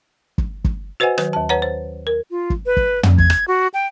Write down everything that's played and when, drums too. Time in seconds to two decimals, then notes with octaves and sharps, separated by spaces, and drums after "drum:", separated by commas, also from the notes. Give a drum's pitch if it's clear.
0.38 drum: kick
0.65 drum: kick
1.00 F#4 B4 C5 D#5 F#5 G#5
1.18 D#3 F#3 B4, drum: rim click
1.33 D#2 A5
1.49 B4 C#5 F#5 A#5
1.62 C5
2.07 A#4
2.31 F4
2.50 drum: kick
2.66 B4
2.77 drum: kick
3.03 drum: tom
3.18 G#6, drum: kick
3.30 drum: rim click
3.48 F#4
3.74 G5